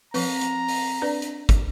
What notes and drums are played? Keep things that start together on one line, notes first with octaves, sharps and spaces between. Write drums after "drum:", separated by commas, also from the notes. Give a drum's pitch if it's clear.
F3 C4 B4 A#5, drum: open hi-hat
drum: hi-hat
drum: open hi-hat
D4 B4 D5
drum: hi-hat
drum: kick, hi-hat